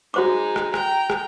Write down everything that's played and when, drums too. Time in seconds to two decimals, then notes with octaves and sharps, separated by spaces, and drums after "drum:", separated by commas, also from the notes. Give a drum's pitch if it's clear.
0.14 G#3 D#4 F#4 C5 D6
0.56 drum: rim click
0.74 G5 A#5, drum: rim click
1.10 drum: rim click